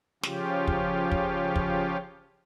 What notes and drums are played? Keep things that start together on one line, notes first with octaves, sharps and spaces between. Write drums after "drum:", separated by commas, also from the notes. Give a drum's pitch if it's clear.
C#3 F3 C#4 F4 G4, drum: snare
drum: kick
drum: kick
drum: kick